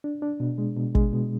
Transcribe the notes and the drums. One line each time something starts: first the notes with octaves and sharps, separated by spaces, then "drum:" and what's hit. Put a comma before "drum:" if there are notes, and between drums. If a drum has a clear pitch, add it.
D4
D4
B2
G#3
B2
G#3, drum: kick
B2